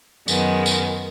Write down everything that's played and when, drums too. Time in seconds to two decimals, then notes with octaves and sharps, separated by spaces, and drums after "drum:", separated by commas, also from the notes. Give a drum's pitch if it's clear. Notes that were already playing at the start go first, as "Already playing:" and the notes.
0.28 F#2 D#3 G#3 B3, drum: tambourine
0.66 drum: tambourine